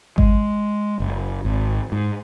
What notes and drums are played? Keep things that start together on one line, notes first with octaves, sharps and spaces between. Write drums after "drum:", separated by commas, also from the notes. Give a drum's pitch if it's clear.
G#3, drum: kick G#1
F#1
G#1
G#2